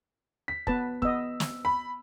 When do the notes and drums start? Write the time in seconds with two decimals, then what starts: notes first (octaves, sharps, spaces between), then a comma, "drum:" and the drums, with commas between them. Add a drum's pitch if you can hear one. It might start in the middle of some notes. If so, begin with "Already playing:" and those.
0.48 B6
0.67 B3 B4 A5, drum: kick
1.02 B3 D#5 E6, drum: kick
1.40 drum: snare
1.65 B5